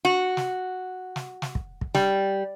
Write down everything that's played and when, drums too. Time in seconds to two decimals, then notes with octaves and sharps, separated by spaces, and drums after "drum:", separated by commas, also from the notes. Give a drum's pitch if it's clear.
0.05 F#4
0.37 drum: snare
1.16 drum: snare
1.42 drum: snare
1.55 drum: kick
1.81 drum: kick
1.95 G3, drum: snare